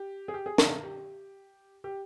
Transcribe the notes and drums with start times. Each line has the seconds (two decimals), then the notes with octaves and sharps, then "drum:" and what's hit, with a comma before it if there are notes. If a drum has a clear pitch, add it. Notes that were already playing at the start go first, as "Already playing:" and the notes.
Already playing: G4
0.28 G#4
0.34 G4
0.46 G#4
0.58 A#4, drum: snare
0.71 A#4
0.83 G4
1.84 G4